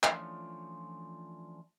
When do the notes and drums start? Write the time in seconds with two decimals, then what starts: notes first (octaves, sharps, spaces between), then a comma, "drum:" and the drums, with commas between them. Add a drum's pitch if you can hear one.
0.03 E3 F3 A3 C#4 D4 F4, drum: clap